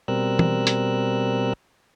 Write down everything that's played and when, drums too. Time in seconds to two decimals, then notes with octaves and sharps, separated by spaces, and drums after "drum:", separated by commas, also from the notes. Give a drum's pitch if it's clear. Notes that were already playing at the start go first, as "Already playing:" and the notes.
0.08 B2 G3 C4 A#4 E6 F#6
0.39 drum: tom
0.67 drum: hi-hat